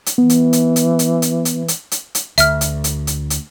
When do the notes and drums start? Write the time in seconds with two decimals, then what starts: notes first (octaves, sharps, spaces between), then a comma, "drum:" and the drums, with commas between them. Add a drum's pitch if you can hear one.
0.06 drum: hi-hat
0.18 E3 B3
0.30 drum: hi-hat
0.53 drum: hi-hat
0.76 drum: hi-hat
0.99 drum: hi-hat
1.22 drum: hi-hat
1.45 drum: hi-hat
1.68 drum: hi-hat
1.91 drum: hi-hat
2.15 drum: hi-hat
2.38 D2 E5 F6, drum: hi-hat
2.61 drum: hi-hat
2.84 drum: hi-hat
3.07 drum: hi-hat
3.30 drum: hi-hat